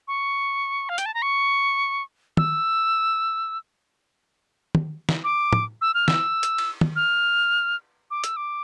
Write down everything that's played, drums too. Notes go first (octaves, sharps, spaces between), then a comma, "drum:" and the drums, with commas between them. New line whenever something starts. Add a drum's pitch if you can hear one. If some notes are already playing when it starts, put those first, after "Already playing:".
C#6
F5
G5, drum: hi-hat
A5
A#5
C#6
E6, drum: tom
drum: tom
drum: snare
D6
drum: tom
E6
F6
E6, drum: snare
drum: hi-hat
drum: cymbal
drum: tom
F6
D6
E6, drum: hi-hat
D6